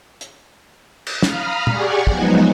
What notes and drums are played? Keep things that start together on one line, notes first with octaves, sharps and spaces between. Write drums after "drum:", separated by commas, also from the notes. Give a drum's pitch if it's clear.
drum: hi-hat
drum: cymbal
F5 A#5 B5 D#6 F6, drum: snare
G4 G#4 D5 F#5 G#5 C#6, drum: tom
F3 F#3 G#3 B3 D#4 F#4, drum: kick